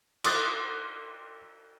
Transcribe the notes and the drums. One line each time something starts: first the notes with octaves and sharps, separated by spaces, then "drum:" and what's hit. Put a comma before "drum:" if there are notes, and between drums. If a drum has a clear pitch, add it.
C6 D6 D#6 F#6 A6, drum: cymbal